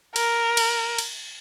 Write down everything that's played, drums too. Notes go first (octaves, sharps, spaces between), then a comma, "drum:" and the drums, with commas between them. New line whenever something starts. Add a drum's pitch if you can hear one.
A#4, drum: cymbal
drum: cymbal
drum: cymbal